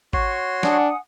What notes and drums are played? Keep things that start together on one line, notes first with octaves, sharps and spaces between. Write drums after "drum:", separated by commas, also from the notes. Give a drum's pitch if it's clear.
F#4 C#5 C6, drum: kick G#1
D4 F#5 G#5 D#6, drum: snare